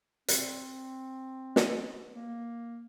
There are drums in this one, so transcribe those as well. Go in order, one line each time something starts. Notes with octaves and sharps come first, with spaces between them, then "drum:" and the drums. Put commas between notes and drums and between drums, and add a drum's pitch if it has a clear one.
C4, drum: hi-hat
drum: snare
A#3